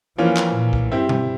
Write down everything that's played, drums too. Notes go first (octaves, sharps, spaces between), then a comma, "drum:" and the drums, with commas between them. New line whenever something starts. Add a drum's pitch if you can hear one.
E3 F3 A#3 C#4 F4
drum: clap
A#2
drum: kick
G2 C4 E4 G4
drum: tom B2